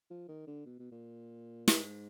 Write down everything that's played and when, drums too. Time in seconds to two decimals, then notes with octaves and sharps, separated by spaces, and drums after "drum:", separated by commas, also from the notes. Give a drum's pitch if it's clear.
0.10 F3
0.28 D#3
0.47 D3
0.65 B2
0.79 B2
0.92 A#2
1.68 drum: snare
1.77 G#2